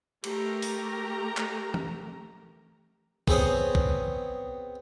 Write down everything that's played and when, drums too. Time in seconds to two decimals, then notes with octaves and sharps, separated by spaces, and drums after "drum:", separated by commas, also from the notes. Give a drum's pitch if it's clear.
0.24 A3 G4 A#4 A#5, drum: cymbal
0.62 drum: open hi-hat
1.37 drum: clap
1.74 drum: tom E3
3.28 B3 C4 G#4 C#5 F#5 G#5, drum: kick
3.75 drum: kick